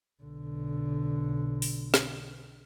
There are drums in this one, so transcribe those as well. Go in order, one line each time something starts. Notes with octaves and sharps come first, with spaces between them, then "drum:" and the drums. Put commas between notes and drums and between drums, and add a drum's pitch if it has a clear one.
B1 D3
drum: open hi-hat
drum: snare